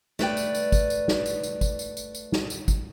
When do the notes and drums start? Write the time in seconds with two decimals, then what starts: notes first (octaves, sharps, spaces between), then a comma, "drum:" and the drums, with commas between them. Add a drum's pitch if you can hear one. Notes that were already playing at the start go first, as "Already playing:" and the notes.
0.19 A3 B4 D5 G5, drum: snare
0.37 drum: tambourine
0.55 drum: tambourine
0.72 drum: kick G#1, tambourine
0.90 drum: tambourine
1.08 drum: snare
1.26 drum: tambourine
1.44 drum: tambourine
1.61 drum: kick G#1, tambourine
1.79 drum: tambourine
1.97 drum: tambourine
2.15 drum: tambourine
2.32 drum: snare
2.50 drum: tambourine
2.68 drum: kick G#1, tambourine